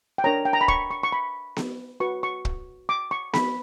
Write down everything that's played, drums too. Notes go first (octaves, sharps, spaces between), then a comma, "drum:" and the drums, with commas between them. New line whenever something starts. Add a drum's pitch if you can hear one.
G5
D4 A#4 C#5 A#5
G5
A#5
B5
C#6, drum: kick
C#6
C#6
B5
drum: snare B3
F#4 B4 C#6
C#6
drum: kick
D6
C#6
B5, drum: snare B3